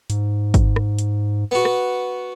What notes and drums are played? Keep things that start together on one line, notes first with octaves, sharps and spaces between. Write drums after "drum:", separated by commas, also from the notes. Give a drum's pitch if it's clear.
G#2, drum: hi-hat
drum: kick, hi-hat
drum: rim click
drum: hi-hat
B3 F#4
drum: rim click